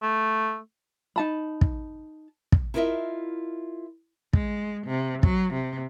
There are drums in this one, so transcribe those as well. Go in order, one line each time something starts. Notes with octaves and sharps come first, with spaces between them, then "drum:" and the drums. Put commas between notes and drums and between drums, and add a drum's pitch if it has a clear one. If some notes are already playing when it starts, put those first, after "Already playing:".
A3
D#4 A5 B5
drum: kick
drum: kick
E4 F4 A#4 C#5 D#5 E5
G#3, drum: kick
C3
F#3, drum: kick
C3